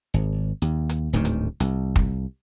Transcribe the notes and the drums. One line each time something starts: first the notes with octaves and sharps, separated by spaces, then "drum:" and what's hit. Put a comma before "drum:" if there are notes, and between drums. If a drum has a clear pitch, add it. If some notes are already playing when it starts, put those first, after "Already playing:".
G#1
D#2
drum: hi-hat
D1 D2 G#2 D#3
drum: hi-hat
C2, drum: hi-hat
drum: kick